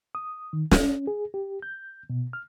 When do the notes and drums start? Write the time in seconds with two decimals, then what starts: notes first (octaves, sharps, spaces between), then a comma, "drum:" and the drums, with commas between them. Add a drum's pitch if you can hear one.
0.15 D#6
0.53 D#3
0.71 C#4, drum: snare
1.07 G#4
1.34 G4
1.62 G6
2.10 B2
2.33 F6